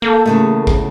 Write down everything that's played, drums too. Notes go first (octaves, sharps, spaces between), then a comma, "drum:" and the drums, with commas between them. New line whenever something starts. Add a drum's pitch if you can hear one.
A#3 A4 E6 G6
E2 C#3 A3 D#6
drum: kick G#1